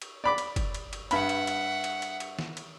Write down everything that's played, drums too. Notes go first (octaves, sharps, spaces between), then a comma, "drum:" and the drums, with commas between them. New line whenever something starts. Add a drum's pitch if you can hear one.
drum: cymbal
D5 B5 D6
drum: cymbal
drum: kick F#1, cymbal
drum: cymbal
drum: cymbal
G2 E5 F#5 B5, drum: cymbal
drum: cymbal
drum: cymbal
drum: cymbal
drum: cymbal
drum: cymbal
drum: snare
drum: cymbal